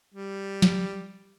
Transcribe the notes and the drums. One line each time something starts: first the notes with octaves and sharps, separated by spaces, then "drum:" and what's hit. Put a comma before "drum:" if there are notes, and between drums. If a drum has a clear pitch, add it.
G3
drum: snare